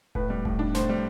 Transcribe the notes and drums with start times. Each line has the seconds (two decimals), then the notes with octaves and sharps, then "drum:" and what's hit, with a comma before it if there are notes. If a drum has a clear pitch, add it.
0.15 A2 B4, drum: kick E1
0.30 G3
0.45 A2, drum: kick E1
0.59 D4
0.75 A2 C5, drum: snare
0.89 G3